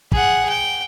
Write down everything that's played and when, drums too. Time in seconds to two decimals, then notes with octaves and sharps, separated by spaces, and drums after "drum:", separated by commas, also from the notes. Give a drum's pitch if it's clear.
0.12 G#4 F#5, drum: kick
0.49 G5